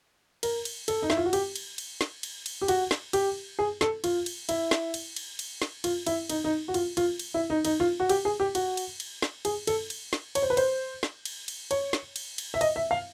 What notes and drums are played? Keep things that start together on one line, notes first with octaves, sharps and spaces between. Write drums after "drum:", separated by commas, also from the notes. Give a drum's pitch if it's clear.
A#4, drum: cymbal
drum: cymbal
A4, drum: cymbal
D#4
E4, drum: snare
F4
F#4
G4, drum: cymbal
drum: cymbal
drum: cymbal
drum: snare
drum: cymbal
drum: cymbal
G4
F#4, drum: cymbal
drum: snare
G4, drum: cymbal
G#4
A4, drum: snare
F4, drum: cymbal
drum: cymbal
E4, drum: cymbal
drum: snare
drum: cymbal
drum: cymbal
drum: cymbal
drum: snare
F4, drum: cymbal
E4, drum: cymbal
D#4, drum: cymbal
D#4
F#4
F4, drum: cymbal
F4, drum: cymbal
drum: cymbal
E4
D#4
D#4, drum: cymbal
F4
F#4
G4, drum: cymbal
G#4
G4
F#4, drum: cymbal
drum: cymbal
drum: cymbal
drum: snare
G#4, drum: cymbal
A4, drum: cymbal
drum: cymbal
drum: snare
C#5, drum: cymbal
C5
B4
C5, drum: cymbal
drum: snare
drum: cymbal
drum: cymbal
C#5, drum: cymbal
drum: snare
drum: cymbal
drum: cymbal
E5
D#5, drum: cymbal
E5
F5